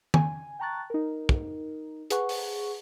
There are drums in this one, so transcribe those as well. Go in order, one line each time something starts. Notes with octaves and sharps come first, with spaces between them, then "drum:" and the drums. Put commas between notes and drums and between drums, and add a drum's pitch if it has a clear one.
G#5, drum: tom D#3
G5 A5 A#5 C#6 F#6 A6
D#4 A#4
drum: kick
G#4 B4 F#5 C#6, drum: hi-hat
drum: open hi-hat